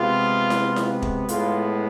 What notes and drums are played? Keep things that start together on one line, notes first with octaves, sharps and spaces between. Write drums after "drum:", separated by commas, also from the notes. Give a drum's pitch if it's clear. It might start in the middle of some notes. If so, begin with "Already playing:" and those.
Already playing: C3 G#3 B3 F4
drum: snare E4
drum: snare E4
drum: kick
A2 G#3 B3 F4, drum: hi-hat